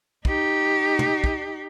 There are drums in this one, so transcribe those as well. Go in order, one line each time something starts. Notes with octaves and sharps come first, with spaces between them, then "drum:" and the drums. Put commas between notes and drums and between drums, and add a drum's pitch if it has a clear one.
D#4 G4, drum: kick
drum: tom
drum: kick